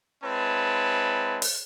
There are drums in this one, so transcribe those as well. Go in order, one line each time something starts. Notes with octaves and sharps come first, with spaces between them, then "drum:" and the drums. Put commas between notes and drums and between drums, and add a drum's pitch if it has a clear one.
G#3 C4 E4 B4 C#5 A5
drum: open hi-hat